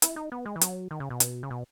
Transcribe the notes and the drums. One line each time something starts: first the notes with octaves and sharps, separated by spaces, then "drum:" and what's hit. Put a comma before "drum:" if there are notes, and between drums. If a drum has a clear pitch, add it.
E4, drum: hi-hat
D#4
B3
G#3
E3
F#3, drum: hi-hat
D#3
C#3
B2
drum: hi-hat
C#3
B2